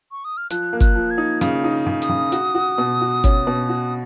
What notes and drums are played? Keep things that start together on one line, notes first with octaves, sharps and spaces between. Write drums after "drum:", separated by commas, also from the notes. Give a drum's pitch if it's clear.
C#6
D#6
F6
F3 F#6, drum: hi-hat
A#3
F#6, drum: kick G1, hi-hat
F3
G#6
D#4
C#3, drum: hi-hat
D#4
C#3
D#6, drum: hi-hat
C#3
F#4, drum: hi-hat
F#4
B2
F#4
C#4, drum: kick G1, hi-hat
B2
F#4